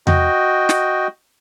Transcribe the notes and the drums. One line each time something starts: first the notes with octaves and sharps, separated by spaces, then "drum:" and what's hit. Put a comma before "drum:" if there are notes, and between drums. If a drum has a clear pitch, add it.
F#4 D#5 G5, drum: tom E2
drum: snare